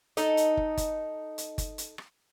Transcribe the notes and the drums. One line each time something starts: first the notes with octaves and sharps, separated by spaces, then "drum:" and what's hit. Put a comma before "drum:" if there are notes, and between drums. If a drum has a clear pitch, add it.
D#4 A4 D#5, drum: hi-hat
drum: hi-hat
drum: kick
drum: kick, hi-hat
drum: hi-hat
drum: kick, hi-hat
drum: hi-hat
drum: rim click